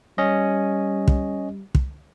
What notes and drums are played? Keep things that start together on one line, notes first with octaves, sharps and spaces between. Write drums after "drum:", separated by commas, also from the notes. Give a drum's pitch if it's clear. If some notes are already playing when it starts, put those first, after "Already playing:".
G3 C#4 D#5
drum: kick
drum: kick